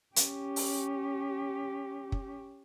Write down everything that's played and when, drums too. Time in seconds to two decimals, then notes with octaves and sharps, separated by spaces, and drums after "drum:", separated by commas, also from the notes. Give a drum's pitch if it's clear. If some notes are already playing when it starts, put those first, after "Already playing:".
0.16 C#4 G4, drum: hi-hat
0.56 drum: open hi-hat
2.12 drum: kick